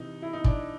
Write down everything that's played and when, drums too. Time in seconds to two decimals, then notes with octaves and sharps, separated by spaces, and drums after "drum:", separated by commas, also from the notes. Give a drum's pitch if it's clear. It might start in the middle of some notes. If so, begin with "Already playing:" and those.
Already playing: C3 E3 D#4
0.22 E4
0.33 D#4
0.44 D4, drum: kick